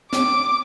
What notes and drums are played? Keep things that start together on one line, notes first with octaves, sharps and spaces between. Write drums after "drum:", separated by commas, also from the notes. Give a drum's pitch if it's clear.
D6, drum: snare